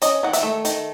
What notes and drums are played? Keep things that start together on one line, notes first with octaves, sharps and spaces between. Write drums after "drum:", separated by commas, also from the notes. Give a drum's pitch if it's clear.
C#4 D#5, drum: hi-hat
D#3 F#5
E5, drum: hi-hat
A3
D#3, drum: hi-hat